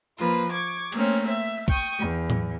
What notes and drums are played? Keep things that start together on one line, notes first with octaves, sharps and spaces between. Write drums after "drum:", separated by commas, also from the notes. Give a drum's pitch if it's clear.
F3 A#3 F4 B4
C#6 D6 G#6
A3 A#3 C4 C#4, drum: cymbal
E5
G5 C#6 D#6, drum: kick
E2
drum: tom A2